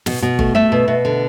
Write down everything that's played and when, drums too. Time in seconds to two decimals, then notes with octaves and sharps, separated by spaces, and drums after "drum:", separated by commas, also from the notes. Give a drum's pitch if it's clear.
0.06 B2, drum: snare
0.22 B2
0.39 A3, drum: kick G1
0.55 A3 E5
0.72 B2
0.88 B2
1.05 D3